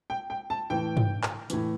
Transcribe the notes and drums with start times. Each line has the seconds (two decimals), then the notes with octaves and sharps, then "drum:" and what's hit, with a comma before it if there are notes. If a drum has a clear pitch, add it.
0.10 G5
0.30 G5
0.50 A5
0.70 A2 E3 G5
0.97 drum: tom G2
1.23 drum: clap
1.50 A2 E3, drum: hi-hat